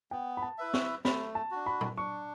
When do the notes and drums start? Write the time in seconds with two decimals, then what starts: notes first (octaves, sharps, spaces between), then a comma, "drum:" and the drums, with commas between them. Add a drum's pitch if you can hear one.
0.11 B3 G5
0.37 B5
0.42 A5
0.58 E4 B4 E5
0.74 C#6, drum: snare
1.05 A3 B5, drum: snare
1.35 A5
1.51 D4 F#4
1.66 B5
1.81 drum: tom
1.97 D4 C#6